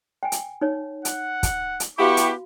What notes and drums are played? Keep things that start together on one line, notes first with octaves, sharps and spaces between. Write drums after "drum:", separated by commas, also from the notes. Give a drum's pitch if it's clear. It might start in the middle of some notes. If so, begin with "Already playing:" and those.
G5 G#5
drum: hi-hat
D#4 C#5
F#5, drum: hi-hat
drum: kick, hi-hat
drum: hi-hat
B3 E4 F#4 G4 F5 B5 C#6
drum: hi-hat